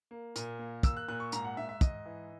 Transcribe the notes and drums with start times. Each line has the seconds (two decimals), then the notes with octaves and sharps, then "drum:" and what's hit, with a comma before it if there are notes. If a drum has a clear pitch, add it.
0.11 A#3
0.36 A#2, drum: hi-hat
0.59 A#3
0.83 A#3 E6, drum: kick, hi-hat
0.97 F#6
1.08 A#2 F#6
1.20 C#6
1.32 G#2 A#5, drum: hi-hat
1.44 F#5
1.57 G#2 E5
1.69 E5
1.81 G#2 D#5, drum: kick, hi-hat
2.06 E3